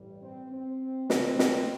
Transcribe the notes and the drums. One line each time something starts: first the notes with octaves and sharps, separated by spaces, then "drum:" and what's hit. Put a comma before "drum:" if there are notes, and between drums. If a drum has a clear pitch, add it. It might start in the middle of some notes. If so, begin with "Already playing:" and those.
Already playing: A1 G2 G3
C4
C4
D2 C3 E3 G3 C4, drum: snare
drum: snare